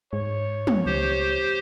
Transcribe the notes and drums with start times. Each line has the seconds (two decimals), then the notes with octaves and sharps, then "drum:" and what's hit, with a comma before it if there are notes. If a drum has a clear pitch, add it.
0.13 G#2 C#5
0.67 drum: tom
0.86 C#2 G4 C5